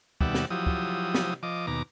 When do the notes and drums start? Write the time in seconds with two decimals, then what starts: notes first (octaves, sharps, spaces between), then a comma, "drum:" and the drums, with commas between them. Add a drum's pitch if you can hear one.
0.21 D#2 B2 G3 D5 E5 F#5, drum: kick
0.34 drum: snare
0.50 F3 F#3 E4 G4 D#6
0.66 drum: kick
1.15 drum: snare
1.43 F3 D#5 D6
1.67 D#2 B2 A#5 D6